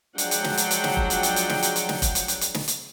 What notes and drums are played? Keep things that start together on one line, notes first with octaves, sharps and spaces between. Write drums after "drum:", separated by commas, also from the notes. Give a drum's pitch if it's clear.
F3 F#3 G#3 D4 F#5 G5, drum: hi-hat
drum: hi-hat
drum: snare
drum: hi-hat
drum: hi-hat
drum: snare
drum: kick F1
drum: hi-hat
drum: hi-hat
drum: hi-hat
drum: snare
drum: hi-hat
drum: hi-hat
drum: snare
drum: kick F1, hi-hat
drum: hi-hat
drum: hi-hat
drum: hi-hat
drum: snare
drum: hi-hat